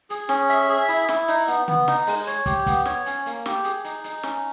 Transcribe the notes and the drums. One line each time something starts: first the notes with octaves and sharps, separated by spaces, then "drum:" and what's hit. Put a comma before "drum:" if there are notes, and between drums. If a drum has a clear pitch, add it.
G#4, drum: hi-hat
C#4, drum: snare
E5, drum: hi-hat
G#4
E4, drum: hi-hat
E4, drum: snare
D#4, drum: hi-hat
B3, drum: hi-hat
B3, drum: tom C#3
D#4, drum: snare
G#3, drum: open hi-hat
C#5, drum: hi-hat
G4, drum: kick, hi-hat
B3, drum: kick, hi-hat
C#5, drum: snare
C#4, drum: hi-hat
A#3, drum: hi-hat
G4, drum: snare
G#4, drum: hi-hat
D#4, drum: hi-hat
D#4, drum: hi-hat
C#4, drum: snare